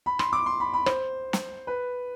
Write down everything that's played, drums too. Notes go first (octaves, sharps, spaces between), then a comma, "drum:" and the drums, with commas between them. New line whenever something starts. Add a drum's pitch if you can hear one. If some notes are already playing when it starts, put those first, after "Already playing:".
B5
C6, drum: rim click
D6
C6
B5
B5
C5, drum: rim click
drum: snare
B4